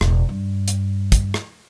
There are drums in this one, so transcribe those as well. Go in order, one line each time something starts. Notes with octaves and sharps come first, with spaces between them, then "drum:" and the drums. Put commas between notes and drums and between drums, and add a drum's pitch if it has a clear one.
E1 A1, drum: rim click
G2
drum: hi-hat
drum: kick, hi-hat
drum: rim click